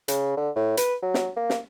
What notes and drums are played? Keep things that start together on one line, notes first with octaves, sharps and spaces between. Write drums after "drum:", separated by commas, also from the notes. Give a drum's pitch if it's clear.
C#3, drum: hi-hat
D3
A2
B4, drum: hi-hat
F#3
drum: snare
A#3
drum: snare